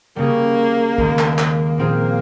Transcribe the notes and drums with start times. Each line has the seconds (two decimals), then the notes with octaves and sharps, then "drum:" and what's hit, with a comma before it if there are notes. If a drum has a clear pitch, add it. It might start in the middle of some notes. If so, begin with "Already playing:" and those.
0.16 C#3 G3 A#3 C#4 G#4
0.98 D#2 D#3 G#3, drum: kick
1.19 drum: clap
1.39 A#3, drum: clap
1.78 A#2 F3 C4 F4 G#4